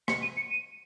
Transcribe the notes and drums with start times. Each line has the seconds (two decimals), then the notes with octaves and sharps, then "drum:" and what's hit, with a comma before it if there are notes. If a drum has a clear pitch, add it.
0.08 C#7, drum: rim click
0.22 D#7
0.37 C#7
0.50 D#7